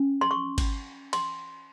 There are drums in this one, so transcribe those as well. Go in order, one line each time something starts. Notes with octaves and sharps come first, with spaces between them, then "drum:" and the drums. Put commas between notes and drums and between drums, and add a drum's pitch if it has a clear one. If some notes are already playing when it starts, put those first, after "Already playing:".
Already playing: C#4
C6
C#6
drum: kick G#1, cymbal
C6, drum: cymbal